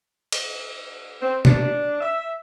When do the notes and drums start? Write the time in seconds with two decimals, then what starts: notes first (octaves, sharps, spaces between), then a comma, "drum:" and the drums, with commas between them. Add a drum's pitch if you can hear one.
0.32 drum: cymbal
1.21 C4
1.45 D4, drum: tom
2.01 E5